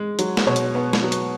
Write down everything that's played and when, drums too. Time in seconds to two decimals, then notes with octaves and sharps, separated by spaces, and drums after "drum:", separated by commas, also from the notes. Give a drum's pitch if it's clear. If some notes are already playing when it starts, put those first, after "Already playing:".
Already playing: G#3
0.19 F#3, drum: hi-hat
0.37 drum: snare
0.46 B2 C#5
0.56 drum: hi-hat
0.75 B3
0.93 drum: snare
1.02 F#3
1.12 drum: hi-hat